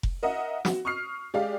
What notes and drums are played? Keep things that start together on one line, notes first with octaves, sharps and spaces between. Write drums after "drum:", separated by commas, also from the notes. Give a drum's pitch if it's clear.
drum: kick F1
A#4 D#5 E5 F#5
F#4, drum: snare
C#6 D#6 F6 C7
G#3 G4 G#4 D5 F5